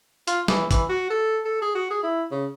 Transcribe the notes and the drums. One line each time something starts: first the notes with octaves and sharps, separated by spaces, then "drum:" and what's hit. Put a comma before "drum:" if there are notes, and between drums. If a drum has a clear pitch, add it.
F4, drum: hi-hat
E3, drum: snare
E3, drum: kick, hi-hat
F#4
A4
A4
G#4
F#4
G#4
E4
C#3